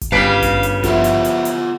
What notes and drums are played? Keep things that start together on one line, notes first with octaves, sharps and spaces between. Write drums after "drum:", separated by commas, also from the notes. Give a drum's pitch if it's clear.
drum: kick G#1, hi-hat
G1 C#3 G3 B4 F5 C7 D7
drum: kick G#1, hi-hat
drum: hi-hat
F3 B3 E4 F4 F#5, drum: kick G#1, hi-hat
drum: hi-hat
drum: hi-hat
drum: hi-hat